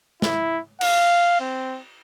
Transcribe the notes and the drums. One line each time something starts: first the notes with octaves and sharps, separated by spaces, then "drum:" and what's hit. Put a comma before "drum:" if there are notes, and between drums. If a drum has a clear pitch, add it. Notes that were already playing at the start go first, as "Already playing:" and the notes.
E4, drum: snare
F5, drum: cymbal
C4